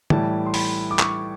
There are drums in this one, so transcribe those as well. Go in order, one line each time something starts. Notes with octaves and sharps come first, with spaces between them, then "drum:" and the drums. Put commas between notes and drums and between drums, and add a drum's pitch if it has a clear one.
A2 E3 G3 A5, drum: tom
C6
B5, drum: open hi-hat
D6
C#6, drum: clap